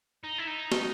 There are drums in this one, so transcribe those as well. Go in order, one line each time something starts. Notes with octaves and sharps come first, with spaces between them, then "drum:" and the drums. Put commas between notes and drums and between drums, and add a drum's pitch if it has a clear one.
D#4
E4
D#4
drum: snare